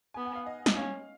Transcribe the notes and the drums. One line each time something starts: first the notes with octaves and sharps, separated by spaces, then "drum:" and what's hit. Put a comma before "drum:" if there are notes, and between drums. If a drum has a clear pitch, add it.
B3 G#5
F#5
F5
D#5
D#5, drum: snare
C#4 F5